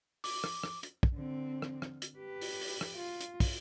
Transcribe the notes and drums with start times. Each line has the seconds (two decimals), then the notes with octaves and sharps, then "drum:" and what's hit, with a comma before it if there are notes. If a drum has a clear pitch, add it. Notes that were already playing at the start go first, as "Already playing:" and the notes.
0.24 D6, drum: open hi-hat
0.44 drum: rim click
0.63 drum: rim click
0.83 drum: hi-hat
1.03 drum: kick
1.14 D3 C4
1.62 drum: rim click
1.82 drum: rim click
2.02 drum: hi-hat
2.18 G4 B4
2.41 drum: open hi-hat
2.61 drum: open hi-hat
2.81 drum: rim click
2.95 F4
3.21 drum: hi-hat
3.40 drum: kick, open hi-hat